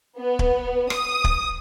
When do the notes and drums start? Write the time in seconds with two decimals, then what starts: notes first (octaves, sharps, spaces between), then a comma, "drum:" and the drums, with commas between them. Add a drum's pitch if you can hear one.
0.19 B3
0.39 drum: kick
0.90 D#6, drum: rim click
1.24 drum: kick